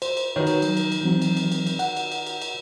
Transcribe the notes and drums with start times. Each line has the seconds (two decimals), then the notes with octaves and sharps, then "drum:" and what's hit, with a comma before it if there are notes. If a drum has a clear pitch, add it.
0.02 C5, drum: cymbal
0.17 drum: cymbal
0.36 D#3 F#4 B4 C#5
0.47 drum: cymbal
0.62 F#3, drum: cymbal
0.77 drum: cymbal
0.92 drum: cymbal
1.02 E3 F#3 C4
1.22 drum: cymbal
1.37 drum: cymbal
1.52 drum: cymbal
1.67 drum: cymbal
1.79 F#5, drum: cymbal
1.97 drum: cymbal
2.12 drum: cymbal
2.27 drum: cymbal
2.42 drum: cymbal